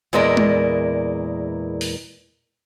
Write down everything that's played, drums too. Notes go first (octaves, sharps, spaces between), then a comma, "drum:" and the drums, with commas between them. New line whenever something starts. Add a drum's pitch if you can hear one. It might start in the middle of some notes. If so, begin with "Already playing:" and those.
E2 A#2 G#3 E4 A#4 D5
drum: tom G#3
drum: open hi-hat